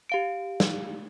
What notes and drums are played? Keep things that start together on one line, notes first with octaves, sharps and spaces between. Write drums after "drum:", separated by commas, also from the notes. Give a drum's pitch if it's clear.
G4 F5 D7
drum: snare